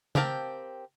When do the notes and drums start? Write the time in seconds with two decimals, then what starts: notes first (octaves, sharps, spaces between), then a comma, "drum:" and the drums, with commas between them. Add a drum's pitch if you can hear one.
0.15 C4 G4 A#4 F5 A5, drum: tom